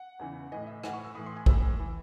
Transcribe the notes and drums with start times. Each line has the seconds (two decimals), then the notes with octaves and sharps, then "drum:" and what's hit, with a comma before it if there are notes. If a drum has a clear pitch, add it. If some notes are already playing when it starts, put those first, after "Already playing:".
Already playing: F#5
0.19 E2 C#3 E3
0.52 A2 E3 D#5
0.67 E5
0.84 A2 E3 F#5, drum: rim click
0.93 C#6
1.04 E6
1.15 A2 E3 D#6
1.26 C6
1.36 G#5
1.46 A2 E3 E6, drum: kick
1.79 E3